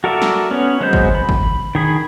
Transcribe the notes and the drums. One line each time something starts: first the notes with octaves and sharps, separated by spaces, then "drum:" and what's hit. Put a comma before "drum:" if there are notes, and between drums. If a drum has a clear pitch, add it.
F#4 A4 A#4 D5 E5
drum: snare
B3 C#4
F#3 G#3 B3 C5 G6
drum: kick
B5
drum: kick
D#3 G#4 B5